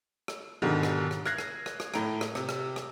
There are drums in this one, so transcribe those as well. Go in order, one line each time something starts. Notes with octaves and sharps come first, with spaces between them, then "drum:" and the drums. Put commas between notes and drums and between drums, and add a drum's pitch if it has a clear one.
drum: rim click
G#2 B2 D3 D#3 G3 G#3
drum: rim click
drum: rim click
F6 F#6 G#6 A#6 C7, drum: rim click
drum: rim click
drum: rim click
drum: rim click
A2 A#5 D7, drum: rim click
drum: rim click
C3, drum: rim click
drum: rim click
drum: rim click